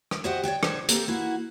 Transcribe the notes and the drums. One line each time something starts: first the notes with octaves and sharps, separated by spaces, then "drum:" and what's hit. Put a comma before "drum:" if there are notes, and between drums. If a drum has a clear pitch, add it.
drum: rim click
F#4 G4 C5 D#5 E5 F#5
C#5 D5 F#5 G5
D4 C5 C#5, drum: rim click
A#3 C4 G4 A4 A#4, drum: hi-hat
A#3 E4 F#4 F#5